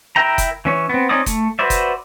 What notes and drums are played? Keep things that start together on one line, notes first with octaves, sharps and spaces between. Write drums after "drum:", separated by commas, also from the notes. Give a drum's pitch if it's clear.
E4 A#4 E5 G5 A#5
drum: kick, hi-hat
E3 C#4 C#5
B3 C4
C4 C#4 D#4 D5 D#6
A3, drum: kick, hi-hat
F#4 B4 C5 D5 E5
drum: kick, hi-hat